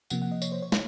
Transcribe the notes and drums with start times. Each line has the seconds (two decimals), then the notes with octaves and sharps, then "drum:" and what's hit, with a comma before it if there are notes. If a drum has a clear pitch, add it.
0.10 C3 F3 A#3 F#5, drum: tambourine
0.22 F#5
0.31 D#5
0.42 C#5, drum: tambourine
0.52 C5
0.62 C#5
0.72 drum: snare